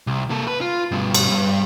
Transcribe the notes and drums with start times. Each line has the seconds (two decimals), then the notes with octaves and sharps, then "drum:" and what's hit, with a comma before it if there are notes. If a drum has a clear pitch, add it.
0.07 C2
0.30 A#3 A4
0.47 B4
0.61 F4
0.91 G2 B2
1.15 drum: cymbal
1.29 G2